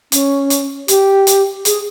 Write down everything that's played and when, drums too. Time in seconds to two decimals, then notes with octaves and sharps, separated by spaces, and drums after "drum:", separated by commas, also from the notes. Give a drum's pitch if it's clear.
0.12 C#4, drum: hi-hat
0.50 drum: hi-hat
0.88 G4, drum: hi-hat
1.27 drum: hi-hat
1.65 G#4, drum: hi-hat